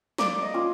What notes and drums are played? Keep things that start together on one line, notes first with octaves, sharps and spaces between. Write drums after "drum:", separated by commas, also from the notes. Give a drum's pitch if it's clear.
A#3 D5, drum: snare
D#5
C#4 F4